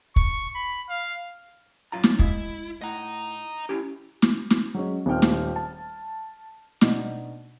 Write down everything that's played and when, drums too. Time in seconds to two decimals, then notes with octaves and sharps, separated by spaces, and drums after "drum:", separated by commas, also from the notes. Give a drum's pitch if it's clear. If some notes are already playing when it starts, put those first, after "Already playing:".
0.16 C#6, drum: kick
0.56 B5
0.90 F5
1.92 F#2 F4 A#5
2.04 drum: snare
2.19 G#3 E4, drum: kick
2.81 A2 D#5 F#5 A#5
3.69 C#4 E4 G4
4.22 drum: snare
4.51 drum: snare
4.74 F#3 G#3 C#4
5.06 D#1 D#3 F4 G4 G5 F6
5.22 drum: snare
5.56 A5
6.81 B2 D4 D#4, drum: snare